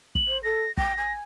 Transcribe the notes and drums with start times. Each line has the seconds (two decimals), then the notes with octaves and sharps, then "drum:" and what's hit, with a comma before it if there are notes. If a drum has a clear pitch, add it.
0.15 F#7, drum: kick
0.28 C5
0.43 A4 A#6
0.77 G5 A#6, drum: kick
0.97 G#5